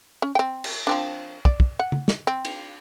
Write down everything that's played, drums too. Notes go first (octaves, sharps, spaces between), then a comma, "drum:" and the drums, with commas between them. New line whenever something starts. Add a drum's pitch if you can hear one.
C#4
C4 G5
drum: cymbal
F3 C4 D4
D5, drum: kick
drum: kick
F#5
drum: tom C#3
drum: snare
C4
drum: cymbal